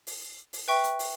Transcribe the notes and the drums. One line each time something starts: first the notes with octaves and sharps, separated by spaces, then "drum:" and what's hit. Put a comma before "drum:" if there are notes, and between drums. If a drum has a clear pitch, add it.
drum: open hi-hat
drum: open hi-hat
B4 E5 G5 C#6
drum: hi-hat
drum: open hi-hat